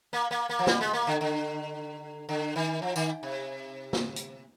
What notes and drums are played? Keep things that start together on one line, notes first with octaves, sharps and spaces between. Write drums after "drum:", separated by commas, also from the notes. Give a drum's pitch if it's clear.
A#3
A#3
A#3
F3
G3, drum: snare
G#3
A#3
D3
D3
D3
D#3
F3
D#3, drum: tambourine
C3
drum: snare
drum: hi-hat